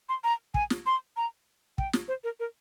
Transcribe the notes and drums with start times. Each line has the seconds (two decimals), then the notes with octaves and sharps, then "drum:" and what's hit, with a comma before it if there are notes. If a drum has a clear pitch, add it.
0.09 C6
0.24 A#5
0.54 G#5, drum: kick
0.70 drum: snare
0.86 C6
1.17 A#5
1.78 G5, drum: kick
1.93 drum: snare
2.08 C5
2.24 A#4
2.40 A#4